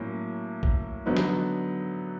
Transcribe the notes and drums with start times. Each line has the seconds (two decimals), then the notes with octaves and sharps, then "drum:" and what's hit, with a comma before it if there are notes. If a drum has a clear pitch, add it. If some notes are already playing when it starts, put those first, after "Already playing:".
Already playing: A2 F#3 A#3 C#4
0.63 drum: kick
1.06 D3 F#3 B3 D#4
1.17 drum: snare